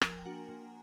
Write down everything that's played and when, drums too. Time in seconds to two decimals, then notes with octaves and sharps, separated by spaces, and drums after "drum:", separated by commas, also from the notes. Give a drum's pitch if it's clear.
0.02 F3 A#4 A#5, drum: rim click
0.10 G#5
0.18 G5
0.25 A#3 D4 F#4 F#5
0.49 F3